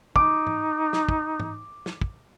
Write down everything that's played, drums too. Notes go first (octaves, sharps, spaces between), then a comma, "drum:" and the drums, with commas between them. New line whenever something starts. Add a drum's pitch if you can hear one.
D#4 D6, drum: kick
drum: tom G#2
drum: snare
drum: kick
drum: tom G#2
drum: snare
drum: kick